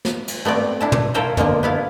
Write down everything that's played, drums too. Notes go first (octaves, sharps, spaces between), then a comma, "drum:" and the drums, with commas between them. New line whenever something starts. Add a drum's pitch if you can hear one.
drum: snare
drum: cymbal
A3 B3 C4 D5
D4 E4 A5
drum: tom
E4 F4 A4 A#4 C5 C#5
B2 D3 F3 A#3, drum: tom
B3 E4 F5